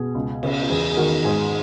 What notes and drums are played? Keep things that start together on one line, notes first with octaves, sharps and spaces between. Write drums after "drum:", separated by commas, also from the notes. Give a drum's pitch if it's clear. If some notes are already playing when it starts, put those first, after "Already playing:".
Already playing: B2 G#4
C#2
C#3, drum: cymbal
E2 G#4
G#4
D#3 F#4 A#4
G#2 G#4